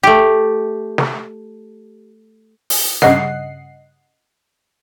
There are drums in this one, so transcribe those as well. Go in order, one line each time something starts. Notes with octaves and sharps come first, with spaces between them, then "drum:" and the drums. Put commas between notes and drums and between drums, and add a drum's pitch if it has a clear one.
A3 G4
drum: snare
drum: open hi-hat
G2 C#3 D#5 F#5 C7, drum: snare